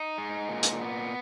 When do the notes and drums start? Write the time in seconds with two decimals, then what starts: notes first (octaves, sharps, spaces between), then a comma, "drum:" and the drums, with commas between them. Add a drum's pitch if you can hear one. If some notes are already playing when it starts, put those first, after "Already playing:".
Already playing: D#4
0.18 G#3
0.49 A#2
0.63 drum: hi-hat
0.81 B3